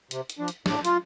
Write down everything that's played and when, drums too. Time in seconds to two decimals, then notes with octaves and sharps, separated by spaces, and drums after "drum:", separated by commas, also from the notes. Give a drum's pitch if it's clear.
0.11 C3, drum: hi-hat
0.30 drum: hi-hat
0.39 F3 D4
0.48 drum: hi-hat
0.66 A2 D4, drum: snare
0.85 F4, drum: hi-hat